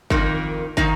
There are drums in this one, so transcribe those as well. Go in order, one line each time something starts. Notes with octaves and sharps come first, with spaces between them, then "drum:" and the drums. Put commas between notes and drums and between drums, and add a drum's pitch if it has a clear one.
F2 D#3 A#3, drum: kick
D#3 A#3 D#4, drum: kick